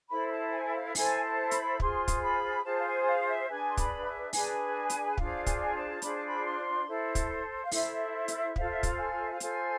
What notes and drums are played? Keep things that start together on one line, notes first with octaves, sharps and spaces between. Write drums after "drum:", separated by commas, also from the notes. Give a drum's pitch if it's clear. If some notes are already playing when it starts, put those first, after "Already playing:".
E4 A4 C5 B5
B5
A5
G#5
F5
E4 A4 C5 G#5, drum: open hi-hat
A5
B5, drum: hi-hat
F4 G#4 C5 C6, drum: kick
drum: kick, hi-hat
B5
F4 G#4 C5 A5
F5
G#5
F5
E5
D4 G#4 B4 G#5
C6
B5, drum: kick, hi-hat
F5
E5
D4 G#4 B4 G#5, drum: open hi-hat
drum: hi-hat
D4 F4 G#4 C5 F5, drum: kick
G#5, drum: kick, hi-hat
F5
G#5
A5
D4 F4 G#4 C5 B5, drum: hi-hat
A5
B5
C6
E4 A4 C5
drum: kick, hi-hat
F5
E4 A4 C5 E5, drum: open hi-hat
drum: hi-hat
F4 A4 C5 F5, drum: kick
E5
F5, drum: kick, hi-hat
G#5
E5
F5
F4 A4 C5 G#5, drum: hi-hat